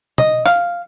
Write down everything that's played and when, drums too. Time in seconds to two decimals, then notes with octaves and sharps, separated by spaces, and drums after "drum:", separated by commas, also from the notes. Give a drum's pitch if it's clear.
0.18 D#5, drum: tom
0.46 F5, drum: rim click